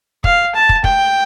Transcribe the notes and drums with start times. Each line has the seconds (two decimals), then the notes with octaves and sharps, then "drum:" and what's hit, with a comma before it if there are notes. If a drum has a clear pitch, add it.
0.24 F5, drum: kick
0.55 A5
0.69 drum: kick
0.84 G5, drum: kick